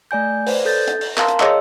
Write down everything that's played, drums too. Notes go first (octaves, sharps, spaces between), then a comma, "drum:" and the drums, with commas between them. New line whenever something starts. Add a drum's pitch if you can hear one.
A3 D5 G#5 G6
B4 C5 D5, drum: open hi-hat
A4 G6 A6
drum: hi-hat
drum: open hi-hat
A#4 F5 A5 A#5 C6, drum: clap
drum: hi-hat
G#4 C#5 D#5 E6, drum: clap